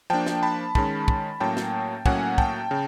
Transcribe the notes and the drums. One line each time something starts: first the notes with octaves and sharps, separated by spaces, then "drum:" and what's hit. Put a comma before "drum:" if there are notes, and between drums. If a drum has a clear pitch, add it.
F3 A#3 D4 G5 A5
drum: snare
A5 B5
D#3 G#3 C#4 A5 B5, drum: kick
drum: kick
A2 F#3 A#3 C#4 G5 A5
drum: snare
A2 F#3 A#3 C#4 F#5 G#5, drum: kick
G5 A5, drum: kick
C#3